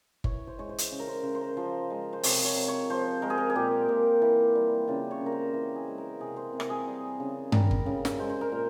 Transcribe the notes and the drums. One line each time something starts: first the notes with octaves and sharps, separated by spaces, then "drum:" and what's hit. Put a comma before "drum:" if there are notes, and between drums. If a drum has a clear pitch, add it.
E3 C#5, drum: kick G1
C5
G#3 C#5
C5
drum: hi-hat
C#3
A#4
C5
C#3 C5
C5
A#4
F3 C5
G#3
C5
C3 C#5, drum: open hi-hat
C#5
C3
C#5
F3 C5
G#3 A#4
G#4
A#4
G#4
A#2 G4
A#2
E3
G3
C#3 F4
C#5
C#3
A#4
C5
E3
G#4
G#3
A#4
C3 G#4
C5
C3
A#4, drum: rim click
G#4
G3
C#3
G3 A#4, drum: tom G2
drum: kick G1
C#3
drum: snare
G#3 C5
C5
A#4
A#2